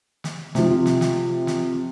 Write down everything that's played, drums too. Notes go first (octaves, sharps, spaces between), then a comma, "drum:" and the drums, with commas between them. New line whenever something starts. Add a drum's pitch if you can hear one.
drum: snare
C3 F3, drum: snare
drum: snare
drum: snare
drum: snare